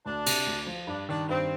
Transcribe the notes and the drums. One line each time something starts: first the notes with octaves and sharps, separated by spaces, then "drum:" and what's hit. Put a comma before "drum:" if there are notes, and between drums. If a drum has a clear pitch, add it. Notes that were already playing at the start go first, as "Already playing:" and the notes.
D2 D4
C3, drum: cymbal
D2
F3
G2 D4
D#3 D4
G2 C4